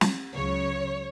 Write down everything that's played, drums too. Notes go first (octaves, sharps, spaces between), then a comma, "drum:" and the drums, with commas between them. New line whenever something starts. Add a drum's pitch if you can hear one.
drum: snare
C#2 C#3 F#3 C#5